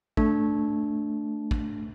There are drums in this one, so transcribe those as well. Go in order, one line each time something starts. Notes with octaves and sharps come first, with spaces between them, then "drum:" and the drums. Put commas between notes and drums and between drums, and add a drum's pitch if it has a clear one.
A3 D4, drum: kick A#1
drum: kick A#1